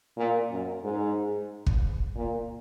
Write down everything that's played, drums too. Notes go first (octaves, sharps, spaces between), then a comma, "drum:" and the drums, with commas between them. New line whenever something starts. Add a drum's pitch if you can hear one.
A#2
F#2
G#2
drum: kick
A#2